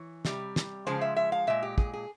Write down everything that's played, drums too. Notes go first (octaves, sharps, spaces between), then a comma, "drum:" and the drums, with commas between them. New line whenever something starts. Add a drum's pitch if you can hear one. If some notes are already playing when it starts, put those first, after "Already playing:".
Already playing: E3 C#5
C3 G3, drum: snare
drum: snare
C#3 F3 G#3 C5
E5
E5
F5
A#2 G#3 E5
G4
G#4, drum: kick
G#4